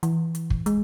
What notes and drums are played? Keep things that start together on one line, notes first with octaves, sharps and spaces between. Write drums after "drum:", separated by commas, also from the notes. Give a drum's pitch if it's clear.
E3, drum: hi-hat
drum: hi-hat
drum: kick
G#3, drum: hi-hat